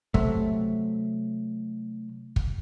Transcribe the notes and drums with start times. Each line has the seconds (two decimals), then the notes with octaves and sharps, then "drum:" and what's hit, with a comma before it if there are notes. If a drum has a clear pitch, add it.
0.14 C3 F#3 A3, drum: kick
2.36 drum: kick